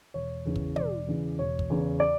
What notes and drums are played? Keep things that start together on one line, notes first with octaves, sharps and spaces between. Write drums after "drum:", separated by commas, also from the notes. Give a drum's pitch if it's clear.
E1 C#5
E2 C#3 E3
drum: kick
E1 D5, drum: tom
E2 C#3 E3
E1 C#5
drum: kick
E2 C#3 E3
D5